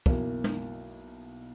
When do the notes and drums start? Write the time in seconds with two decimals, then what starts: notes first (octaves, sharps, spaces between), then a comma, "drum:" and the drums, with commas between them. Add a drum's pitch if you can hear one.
0.06 B1 B2 A#3 E4, drum: kick
0.44 drum: tom